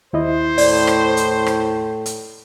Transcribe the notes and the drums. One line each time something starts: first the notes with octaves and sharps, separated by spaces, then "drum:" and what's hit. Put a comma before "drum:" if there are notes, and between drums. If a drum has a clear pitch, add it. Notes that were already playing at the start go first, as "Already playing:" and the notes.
D#2 E4 C5 D#5
A2 D5, drum: open hi-hat
drum: rim click
drum: hi-hat
drum: rim click
drum: hi-hat